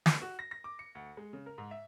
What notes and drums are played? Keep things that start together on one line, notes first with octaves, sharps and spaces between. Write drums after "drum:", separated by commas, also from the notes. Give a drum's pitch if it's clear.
drum: snare
F#4
A#6
A#6
D6
C#7
D2
G#3
C#3
A#4
G#2
E5